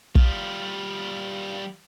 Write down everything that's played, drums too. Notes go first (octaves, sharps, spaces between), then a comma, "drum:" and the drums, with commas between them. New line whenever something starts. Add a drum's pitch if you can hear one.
G3 F4, drum: kick